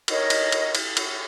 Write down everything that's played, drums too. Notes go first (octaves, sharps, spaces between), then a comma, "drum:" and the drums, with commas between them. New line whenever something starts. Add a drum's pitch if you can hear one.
D#4 A#4 C#5 D#5, drum: cymbal
drum: cymbal
drum: cymbal
drum: cymbal
drum: cymbal